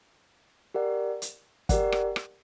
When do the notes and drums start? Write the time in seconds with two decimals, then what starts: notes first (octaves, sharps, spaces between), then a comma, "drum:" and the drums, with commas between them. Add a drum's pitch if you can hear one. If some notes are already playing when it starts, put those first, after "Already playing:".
0.74 G4 A#4 D5 F#5
1.22 drum: hi-hat
1.69 G4 A#4 D5 F#5, drum: kick, hi-hat
1.92 drum: rim click
2.16 drum: rim click